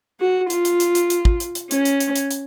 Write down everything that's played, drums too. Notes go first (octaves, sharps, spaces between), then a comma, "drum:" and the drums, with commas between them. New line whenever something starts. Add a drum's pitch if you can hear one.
F#4
F4, drum: hi-hat
drum: hi-hat
drum: hi-hat
drum: hi-hat
drum: hi-hat
drum: kick
drum: hi-hat
drum: hi-hat
C#4, drum: hi-hat
drum: hi-hat
drum: hi-hat
drum: hi-hat
drum: hi-hat